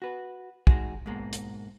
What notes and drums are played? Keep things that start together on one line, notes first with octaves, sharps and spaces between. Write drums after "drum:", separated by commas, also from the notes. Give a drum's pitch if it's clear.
F#4 B4
G#3 D#4 F#4 G#4, drum: kick
G#2 B2 G#3 A#3
drum: hi-hat